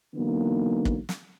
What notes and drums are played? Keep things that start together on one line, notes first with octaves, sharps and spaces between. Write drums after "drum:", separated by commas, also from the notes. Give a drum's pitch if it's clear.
D3 E3 F#3 A#3 B3 D#4
drum: kick
drum: snare